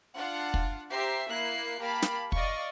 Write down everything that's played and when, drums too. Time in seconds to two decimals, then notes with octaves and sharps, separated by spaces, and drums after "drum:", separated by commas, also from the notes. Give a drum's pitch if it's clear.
0.16 D4 F4 F5 F#5
0.54 drum: kick
0.90 G4 C5 E5 A#5 C7
1.28 A#3 E4 F#6 C7
1.80 A#3 G4 F5 A5 B5
2.02 drum: snare
2.32 D5 D#5 F5 C#6, drum: kick